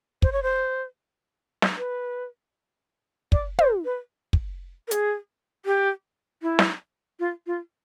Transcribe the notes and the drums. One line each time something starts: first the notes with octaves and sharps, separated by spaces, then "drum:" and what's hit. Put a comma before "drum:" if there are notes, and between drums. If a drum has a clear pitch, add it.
C5, drum: kick
C#5
C5
drum: snare
B4
D5, drum: kick
C5, drum: tom
B4
drum: kick
A#4
G#4, drum: hi-hat
G4
E4
drum: snare
F4
F4